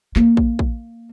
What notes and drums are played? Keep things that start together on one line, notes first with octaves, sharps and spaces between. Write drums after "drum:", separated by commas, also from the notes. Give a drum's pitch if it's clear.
A#3, drum: clap
drum: kick
drum: kick